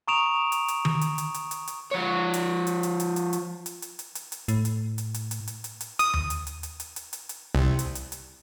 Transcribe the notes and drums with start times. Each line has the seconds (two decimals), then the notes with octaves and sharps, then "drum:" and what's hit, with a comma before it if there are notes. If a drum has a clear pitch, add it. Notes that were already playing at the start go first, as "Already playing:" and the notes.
0.08 A#5 C#6 D#6 D7 E7 F7
0.52 drum: hi-hat
0.68 drum: hi-hat
0.85 drum: tom D#3
1.01 drum: hi-hat
1.18 drum: hi-hat
1.34 drum: hi-hat
1.51 drum: hi-hat
1.67 drum: hi-hat
1.92 F3 C#5
2.34 drum: hi-hat
2.67 drum: hi-hat
2.83 drum: hi-hat
3.00 drum: hi-hat
3.16 drum: hi-hat
3.33 drum: hi-hat
3.66 drum: hi-hat
3.82 drum: hi-hat
3.99 drum: hi-hat
4.15 drum: hi-hat
4.32 drum: hi-hat
4.48 A2, drum: hi-hat
4.65 drum: hi-hat
4.98 drum: hi-hat
5.14 drum: hi-hat
5.31 drum: hi-hat
5.47 drum: hi-hat
5.64 drum: hi-hat
5.81 drum: hi-hat
5.99 D#6, drum: hi-hat
6.14 drum: tom D#2
6.30 drum: hi-hat
6.47 drum: hi-hat
6.63 drum: hi-hat
6.80 drum: hi-hat
6.96 drum: hi-hat
7.13 drum: hi-hat
7.29 drum: hi-hat
7.55 C2
7.79 drum: hi-hat
7.95 drum: hi-hat
8.12 drum: hi-hat